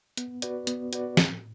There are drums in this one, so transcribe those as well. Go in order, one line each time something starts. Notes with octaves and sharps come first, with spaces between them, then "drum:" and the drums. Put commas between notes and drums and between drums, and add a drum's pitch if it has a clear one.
B3, drum: hi-hat
F#4 B4 D5, drum: hi-hat
B3, drum: hi-hat
F#4 B4 D5, drum: hi-hat
A2, drum: snare